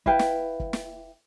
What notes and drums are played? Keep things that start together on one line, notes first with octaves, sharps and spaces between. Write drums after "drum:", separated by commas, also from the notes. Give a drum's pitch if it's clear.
E4 B4 F5 G5, drum: kick
drum: snare
drum: kick
drum: snare